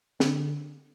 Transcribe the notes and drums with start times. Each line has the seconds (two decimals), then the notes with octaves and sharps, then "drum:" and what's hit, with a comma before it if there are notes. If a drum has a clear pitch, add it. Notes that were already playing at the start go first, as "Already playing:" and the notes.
0.20 D3, drum: snare